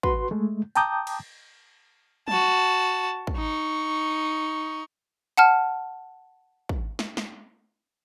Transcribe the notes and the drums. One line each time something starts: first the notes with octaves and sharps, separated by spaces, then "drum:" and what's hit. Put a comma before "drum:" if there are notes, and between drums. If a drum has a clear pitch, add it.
F#4 B4 C6, drum: kick
G#3 A3
G5 A5 A#5 D6 D#6 G6, drum: hi-hat
drum: cymbal
F#4 A5, drum: tom
drum: kick
D#4 C#6
F#5 A5 F6
drum: kick
drum: snare
drum: snare